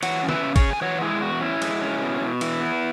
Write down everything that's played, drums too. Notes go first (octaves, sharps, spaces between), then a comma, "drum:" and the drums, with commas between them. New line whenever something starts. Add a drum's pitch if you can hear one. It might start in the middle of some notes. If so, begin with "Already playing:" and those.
E3 C#5 F#5, drum: cymbal
C#4
B4 E5, drum: snare
C#3
G#4 C#5, drum: kick, cymbal
C#3
G#5
E3 C#5 F#5
G#3 E4 G#4
E2 F#4
C#4 E4
G#3, drum: cymbal
C#4
B2
B2
E3 E4, drum: cymbal
B3